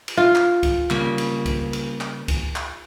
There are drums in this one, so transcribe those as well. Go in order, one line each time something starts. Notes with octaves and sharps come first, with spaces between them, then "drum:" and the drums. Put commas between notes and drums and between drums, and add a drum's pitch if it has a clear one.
drum: cymbal
F4
drum: clap
drum: kick C#2, cymbal
C#3 G3 A#3, drum: clap
drum: cymbal
drum: kick C#2, cymbal
drum: cymbal
drum: clap
drum: kick C#2, cymbal
drum: clap